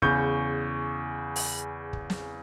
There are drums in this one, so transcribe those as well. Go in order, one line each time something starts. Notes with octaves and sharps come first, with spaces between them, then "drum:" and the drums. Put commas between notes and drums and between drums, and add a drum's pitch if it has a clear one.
E2 C#3 C#6 G6, drum: kick
drum: open hi-hat
drum: kick
drum: snare